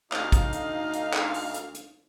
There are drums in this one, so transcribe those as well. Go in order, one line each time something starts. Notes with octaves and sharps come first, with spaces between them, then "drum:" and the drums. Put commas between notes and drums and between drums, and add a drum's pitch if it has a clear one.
D2 D#4 F5, drum: clap
drum: kick, hi-hat
drum: hi-hat
drum: hi-hat
drum: clap
drum: open hi-hat
drum: hi-hat
drum: hi-hat